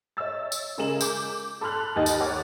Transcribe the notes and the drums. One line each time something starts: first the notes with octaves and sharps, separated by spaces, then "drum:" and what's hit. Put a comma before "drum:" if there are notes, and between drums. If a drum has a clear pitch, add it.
C#5 D#5 E5 E6 A6
drum: tambourine
C#3 G#3 G#4 A#4 E7 F#7
D6 G6, drum: tambourine
A4 B5 C6 F6 F#6
D#2 D#4 G4 D#5 A6
drum: tambourine
C#5 F#5 D6 F6 F#6